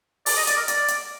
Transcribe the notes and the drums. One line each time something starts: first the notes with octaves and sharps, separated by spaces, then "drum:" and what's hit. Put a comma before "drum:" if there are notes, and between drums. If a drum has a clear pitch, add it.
D5, drum: open hi-hat
D#5
D5, drum: hi-hat
A#4
D5, drum: hi-hat
drum: hi-hat